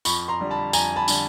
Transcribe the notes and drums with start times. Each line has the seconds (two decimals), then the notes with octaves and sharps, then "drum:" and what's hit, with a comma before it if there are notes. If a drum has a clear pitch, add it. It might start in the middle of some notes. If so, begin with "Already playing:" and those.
0.05 F2 B5 C#6, drum: tambourine
0.28 A#5 C6
0.40 D3 G3
0.51 A5 B5
0.73 F2 G#5 A#5, drum: tambourine
0.96 A5 B5
1.08 D3 G3, drum: tambourine